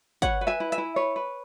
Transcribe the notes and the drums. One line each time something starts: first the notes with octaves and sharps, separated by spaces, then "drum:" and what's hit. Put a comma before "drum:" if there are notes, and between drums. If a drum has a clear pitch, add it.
B4 C#5 F#5, drum: kick, hi-hat
B4
E5 G#5
E4
E5 G#5, drum: hi-hat
E4
B4 C#5
B4